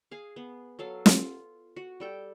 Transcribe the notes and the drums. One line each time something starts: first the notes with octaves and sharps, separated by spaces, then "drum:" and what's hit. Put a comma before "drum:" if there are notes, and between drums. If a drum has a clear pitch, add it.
G#4 F5
B3
F#3 A4 F5
F4, drum: snare
F#4
G3 A4 G5